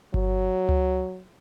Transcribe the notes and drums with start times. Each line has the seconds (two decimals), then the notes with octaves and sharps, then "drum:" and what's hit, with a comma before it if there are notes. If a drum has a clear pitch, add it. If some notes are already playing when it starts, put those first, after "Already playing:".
0.14 F#3, drum: kick G1
0.69 drum: tom C#2